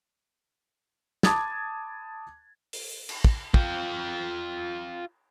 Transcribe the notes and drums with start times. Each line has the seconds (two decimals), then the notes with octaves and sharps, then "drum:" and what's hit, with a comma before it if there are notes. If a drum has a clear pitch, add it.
1.23 A5 B5 D6 D#6 G#6 A6, drum: snare
2.73 drum: open hi-hat
3.09 drum: cymbal
3.24 drum: kick
3.54 F4 G5, drum: kick